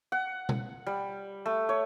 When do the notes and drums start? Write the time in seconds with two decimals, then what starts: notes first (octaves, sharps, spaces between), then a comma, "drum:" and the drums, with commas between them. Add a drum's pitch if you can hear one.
0.12 F#5
0.49 drum: tom B2
0.87 G3
1.46 A3
1.69 C#5